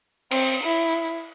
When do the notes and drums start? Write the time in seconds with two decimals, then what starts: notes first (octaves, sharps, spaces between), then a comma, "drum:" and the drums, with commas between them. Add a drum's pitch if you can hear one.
0.31 C4, drum: cymbal
0.64 E4